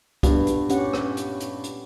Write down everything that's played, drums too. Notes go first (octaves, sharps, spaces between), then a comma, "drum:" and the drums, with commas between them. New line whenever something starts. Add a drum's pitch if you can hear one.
G2 A#2 B3, drum: kick, hi-hat
drum: hi-hat
C#4 G4 F#5, drum: hi-hat
drum: rim click
drum: hi-hat
drum: hi-hat
drum: hi-hat